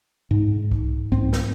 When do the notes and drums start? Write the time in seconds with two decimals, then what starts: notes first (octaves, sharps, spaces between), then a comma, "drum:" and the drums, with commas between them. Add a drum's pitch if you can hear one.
0.31 G#2
0.72 drum: kick C2
1.12 G#2 C4, drum: kick C2
1.33 drum: snare